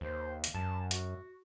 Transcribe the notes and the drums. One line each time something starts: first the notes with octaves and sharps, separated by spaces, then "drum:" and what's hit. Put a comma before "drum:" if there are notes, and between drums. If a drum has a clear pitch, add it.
D#2 C5
drum: hi-hat
F#2 A5
F#4, drum: hi-hat